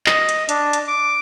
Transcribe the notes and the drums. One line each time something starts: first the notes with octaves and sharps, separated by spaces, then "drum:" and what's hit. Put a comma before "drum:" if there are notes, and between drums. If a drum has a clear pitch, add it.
D#5, drum: clap
drum: hi-hat
D4, drum: hi-hat
drum: hi-hat
D6